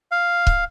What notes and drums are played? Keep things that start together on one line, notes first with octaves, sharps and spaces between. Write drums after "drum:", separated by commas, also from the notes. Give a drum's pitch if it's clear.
F5
drum: kick C#1